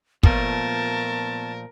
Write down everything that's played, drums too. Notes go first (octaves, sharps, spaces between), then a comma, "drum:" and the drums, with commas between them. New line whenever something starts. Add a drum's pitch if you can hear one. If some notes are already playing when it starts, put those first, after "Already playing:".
A#2 F3 A3 B3 A#4 A5, drum: kick